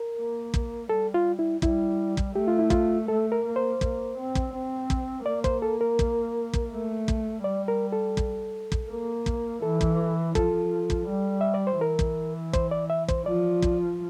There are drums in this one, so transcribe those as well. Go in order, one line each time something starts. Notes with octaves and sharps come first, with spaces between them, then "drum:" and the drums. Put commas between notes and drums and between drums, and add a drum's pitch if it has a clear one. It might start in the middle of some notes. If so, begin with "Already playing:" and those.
Already playing: A#4
A#3
drum: kick
G3 A4
F4
E4
G3 E4, drum: kick
drum: kick
A3 G4
F4
E4
F4, drum: kick
A3 A4
A#4
A#3
C5
A#3, drum: kick
C4
drum: kick
C4
drum: kick
A#3 D5
C5, drum: kick
A4
A#4
drum: kick
drum: kick
A3
drum: kick
G3 D5
A#4
A4
drum: kick
drum: kick
A#3
drum: kick
E3 A4
drum: kick
F3 A4, drum: kick
drum: kick
G3
E5
D5
C5
E3 A#4
drum: kick
C5, drum: kick
D5
E5
C5, drum: kick
F3 D5
drum: kick